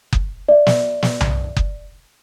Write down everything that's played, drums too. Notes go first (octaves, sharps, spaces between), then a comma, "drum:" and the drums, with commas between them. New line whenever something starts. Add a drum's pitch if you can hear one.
drum: kick F#1
D5 E5
drum: snare
drum: snare
drum: tom B1
drum: kick F#1